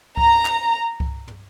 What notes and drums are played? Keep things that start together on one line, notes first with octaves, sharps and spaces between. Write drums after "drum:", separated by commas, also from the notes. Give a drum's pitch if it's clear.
A#5, drum: kick C2
drum: clap
drum: kick C2
drum: tom